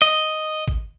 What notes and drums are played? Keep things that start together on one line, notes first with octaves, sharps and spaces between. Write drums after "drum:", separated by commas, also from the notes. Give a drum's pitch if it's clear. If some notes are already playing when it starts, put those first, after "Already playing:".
D#5
drum: kick